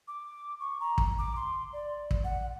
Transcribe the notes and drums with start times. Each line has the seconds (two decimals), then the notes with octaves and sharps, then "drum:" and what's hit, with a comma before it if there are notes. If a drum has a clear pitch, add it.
0.08 D6
0.60 C#6
0.80 A#5
0.98 drum: kick
1.19 D6
1.36 C6
1.73 D5
2.11 drum: kick
2.24 F#5